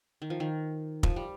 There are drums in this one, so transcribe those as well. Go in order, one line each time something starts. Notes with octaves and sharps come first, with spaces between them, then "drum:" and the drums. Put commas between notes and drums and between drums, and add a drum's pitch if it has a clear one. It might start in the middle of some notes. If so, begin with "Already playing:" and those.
D#3
F3
D#3
F3, drum: kick
G3